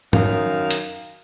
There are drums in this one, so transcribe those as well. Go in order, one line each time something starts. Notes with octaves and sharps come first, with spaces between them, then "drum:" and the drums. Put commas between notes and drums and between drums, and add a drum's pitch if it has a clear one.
F#2 D#3 F5, drum: tom
drum: hi-hat